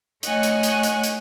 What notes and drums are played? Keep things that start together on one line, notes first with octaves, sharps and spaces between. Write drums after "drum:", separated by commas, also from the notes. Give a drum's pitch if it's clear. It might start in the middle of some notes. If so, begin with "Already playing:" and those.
A3 C#5 D#5 F#5 G#5 C#6, drum: hi-hat
drum: hi-hat
drum: hi-hat
drum: hi-hat
drum: hi-hat